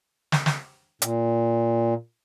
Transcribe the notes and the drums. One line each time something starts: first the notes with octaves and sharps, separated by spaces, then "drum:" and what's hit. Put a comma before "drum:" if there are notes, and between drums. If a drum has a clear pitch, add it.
drum: snare
drum: snare
A#2, drum: hi-hat